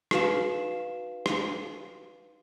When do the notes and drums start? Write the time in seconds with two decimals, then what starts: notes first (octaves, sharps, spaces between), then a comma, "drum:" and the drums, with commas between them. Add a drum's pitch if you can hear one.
0.11 D#4 F#4 B4 F5 E7, drum: rim click
1.26 drum: rim click